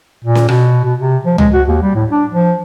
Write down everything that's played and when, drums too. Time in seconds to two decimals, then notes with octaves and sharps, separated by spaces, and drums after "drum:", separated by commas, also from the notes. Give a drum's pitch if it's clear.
0.25 A#2
0.35 drum: snare
0.48 B2, drum: rim click
0.85 B2
0.99 C3
1.26 F3
1.38 G#3, drum: tom C#2
1.54 F#4
1.68 D#2
1.82 G3
1.95 A2
2.11 D4
2.31 F3